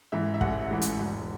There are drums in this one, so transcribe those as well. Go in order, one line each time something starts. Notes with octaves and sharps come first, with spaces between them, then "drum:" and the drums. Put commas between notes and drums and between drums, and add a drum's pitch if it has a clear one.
G#2 E3 E5
E5
A1 F#5, drum: kick
G#2 E3
drum: hi-hat
E1